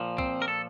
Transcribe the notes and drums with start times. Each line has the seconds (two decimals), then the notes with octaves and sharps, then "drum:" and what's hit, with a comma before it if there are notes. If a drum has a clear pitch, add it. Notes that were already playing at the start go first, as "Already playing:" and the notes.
Already playing: A#2 F3
0.18 C4, drum: kick
0.42 A#4
0.48 A4